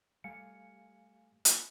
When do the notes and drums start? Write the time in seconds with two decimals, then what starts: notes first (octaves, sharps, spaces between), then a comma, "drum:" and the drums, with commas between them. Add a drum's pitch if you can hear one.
0.24 G3 A3 F5 G#5 C#7
1.45 drum: hi-hat